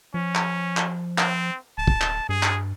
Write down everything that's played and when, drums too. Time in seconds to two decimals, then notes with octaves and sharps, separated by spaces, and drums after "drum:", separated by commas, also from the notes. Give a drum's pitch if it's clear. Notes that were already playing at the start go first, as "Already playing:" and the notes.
0.14 F3 C#4
0.35 drum: clap
0.77 drum: clap
1.18 C4, drum: clap
1.78 D1 A5
1.87 drum: kick
2.01 drum: clap
2.29 G2 G#4
2.43 drum: clap